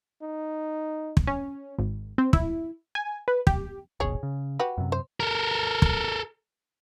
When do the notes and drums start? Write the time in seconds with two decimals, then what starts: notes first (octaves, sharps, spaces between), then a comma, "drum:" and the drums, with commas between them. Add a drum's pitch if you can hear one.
0.22 D#4
1.17 drum: kick
1.27 C#4
1.79 G#1
2.18 C4
2.33 E4, drum: kick
2.95 G#5
3.28 B4
3.47 G4, drum: kick
4.00 D#1 G#1 B2 G#4 C#5
4.23 C#3
4.59 F#4 G4 B4
4.78 F#2 C3
4.92 C5
5.20 A4 A#4
5.82 drum: kick